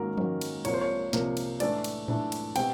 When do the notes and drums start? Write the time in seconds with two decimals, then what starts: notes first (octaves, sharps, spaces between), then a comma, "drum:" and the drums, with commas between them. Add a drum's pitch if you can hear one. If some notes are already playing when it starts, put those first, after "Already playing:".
Already playing: G#2 D#3 F#3 A#3 C#4 A#4
0.17 G#2 D#3 F#3 A#3 C#4, drum: tom F3
0.41 drum: cymbal
0.65 C2 C3 F3 A#3 C#5, drum: cymbal
0.74 C5
0.81 C#5
1.13 C2 C3 F3 A#3, drum: snare
1.37 drum: cymbal
1.60 A2 E3 A3 D4 D5, drum: cymbal
1.84 drum: cymbal
2.08 A2 E3 A3 D4, drum: tom A2
2.32 drum: cymbal
2.56 B2 G3 C4 G5, drum: cymbal